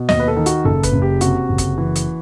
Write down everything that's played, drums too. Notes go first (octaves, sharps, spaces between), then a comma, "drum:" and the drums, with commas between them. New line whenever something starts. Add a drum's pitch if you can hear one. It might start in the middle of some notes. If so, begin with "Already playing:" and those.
Already playing: B2
D#2 D#5, drum: snare
B4
A4
D#3
F#4, drum: hi-hat
F#1 A4
B4, drum: kick, hi-hat
F#1
G4
C3 F#4, drum: hi-hat
F#1
drum: kick, hi-hat
E3
drum: hi-hat